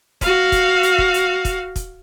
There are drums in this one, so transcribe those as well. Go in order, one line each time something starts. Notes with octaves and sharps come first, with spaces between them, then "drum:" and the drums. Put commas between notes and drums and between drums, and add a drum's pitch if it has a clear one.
F#4 F5, drum: kick, hi-hat
drum: kick, hi-hat
drum: hi-hat
drum: kick
drum: hi-hat
drum: kick, hi-hat
drum: kick, hi-hat